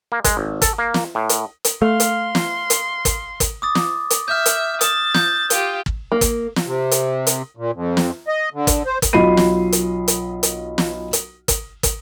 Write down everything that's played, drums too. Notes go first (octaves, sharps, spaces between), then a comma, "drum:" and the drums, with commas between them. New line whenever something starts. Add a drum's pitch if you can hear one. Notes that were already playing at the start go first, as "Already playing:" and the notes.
A#3
G#3, drum: kick, hi-hat
G#1
A4, drum: kick, hi-hat
A#3
drum: snare
A2
drum: hi-hat
drum: hi-hat
A3 F5 C6
drum: hi-hat
drum: snare
drum: hi-hat
drum: kick, hi-hat
drum: kick, hi-hat
D6 D#6 A6
drum: snare
drum: hi-hat
E5 F6 G6
drum: hi-hat
D#6 A6 E7, drum: hi-hat
G6, drum: snare
F4 G4 G7, drum: hi-hat
drum: kick
A#3
drum: kick, hi-hat
drum: snare
C3
drum: hi-hat
drum: hi-hat
A#2
F2
drum: snare
D#5
D3
drum: kick, hi-hat
C5
drum: kick, hi-hat
B1 F4 D#5 B5 C7 D#7
drum: snare
drum: hi-hat
drum: hi-hat
drum: hi-hat
drum: snare
drum: hi-hat
drum: kick, hi-hat
drum: kick, hi-hat